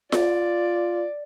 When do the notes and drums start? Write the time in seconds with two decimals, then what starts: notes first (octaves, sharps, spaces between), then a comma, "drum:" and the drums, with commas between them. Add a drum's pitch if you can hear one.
0.12 F4 D5, drum: snare F4